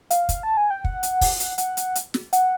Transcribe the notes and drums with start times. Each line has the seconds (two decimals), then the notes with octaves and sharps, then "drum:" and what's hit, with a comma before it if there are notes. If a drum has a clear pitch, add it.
0.10 F5, drum: hi-hat
0.29 drum: kick, hi-hat
0.43 A5
0.57 G#5
0.70 G5
0.84 F#5, drum: kick
1.03 drum: hi-hat
1.21 drum: kick, open hi-hat
1.40 drum: hi-hat
1.58 F#5, drum: hi-hat
1.77 drum: hi-hat
1.95 drum: hi-hat
2.14 drum: snare
2.33 F#5, drum: hi-hat